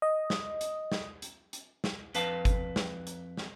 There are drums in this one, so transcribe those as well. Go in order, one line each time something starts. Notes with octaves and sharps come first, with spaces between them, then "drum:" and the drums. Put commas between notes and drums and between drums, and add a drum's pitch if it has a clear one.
D#5
drum: snare
drum: hi-hat
drum: snare
drum: hi-hat
drum: hi-hat
drum: snare
F2 B4 F5 A5, drum: hi-hat
drum: kick G1, hi-hat
drum: snare
drum: hi-hat
drum: snare